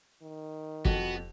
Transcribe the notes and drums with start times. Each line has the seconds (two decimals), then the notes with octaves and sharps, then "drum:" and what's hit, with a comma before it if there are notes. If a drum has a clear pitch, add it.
0.22 D#3
0.85 F2 B3 F#4, drum: kick